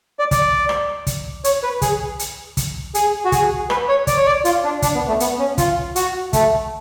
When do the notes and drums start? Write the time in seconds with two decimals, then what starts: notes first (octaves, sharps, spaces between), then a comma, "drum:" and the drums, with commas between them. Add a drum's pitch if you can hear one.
0.19 D5
0.31 D5, drum: kick, hi-hat
0.69 drum: rim click
1.07 drum: kick, hi-hat
1.44 C#5, drum: hi-hat
1.63 B4
1.82 G#4, drum: kick, hi-hat
2.19 drum: hi-hat
2.57 drum: kick, hi-hat
2.95 G#4, drum: hi-hat
3.25 F#4
3.32 G#4, drum: kick, hi-hat
3.70 B4, drum: rim click
3.89 C#5
4.07 D5, drum: kick, hi-hat
4.17 C#5
4.26 D5
4.45 F4, drum: hi-hat
4.64 D4
4.82 D4, drum: kick, hi-hat
4.95 B3
5.08 A3
5.20 B3, drum: hi-hat
5.39 C#4
5.58 F4, drum: kick, hi-hat
5.96 F#4, drum: hi-hat
6.33 A3, drum: kick, hi-hat